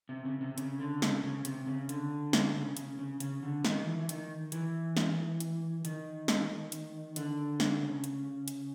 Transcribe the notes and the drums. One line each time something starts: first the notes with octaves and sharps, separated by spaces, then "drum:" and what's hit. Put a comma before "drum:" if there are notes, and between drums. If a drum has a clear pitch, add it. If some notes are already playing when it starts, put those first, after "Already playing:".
C3
C#3
C3
C#3, drum: hi-hat
D3
C#3, drum: snare
C#3
C3, drum: hi-hat
C#3
D3, drum: hi-hat
drum: snare
C#3
C#3, drum: hi-hat
C#3
C#3, drum: hi-hat
D3
D#3, drum: snare
E3
E3
D#3, drum: hi-hat
E3, drum: hi-hat
drum: snare
drum: hi-hat
D#3, drum: hi-hat
drum: snare
drum: hi-hat
D3, drum: hi-hat
drum: snare
C#3
drum: hi-hat
drum: hi-hat